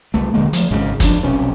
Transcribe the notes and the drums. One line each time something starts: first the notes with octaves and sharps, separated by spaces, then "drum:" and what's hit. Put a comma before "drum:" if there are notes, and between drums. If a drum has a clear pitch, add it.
C2 A3
D#1 D3 G#3 A#3
F3 A3, drum: hi-hat
G#1 G#2 C#3
F2 F3 D4, drum: kick, hi-hat
F1 B1 C3 C#4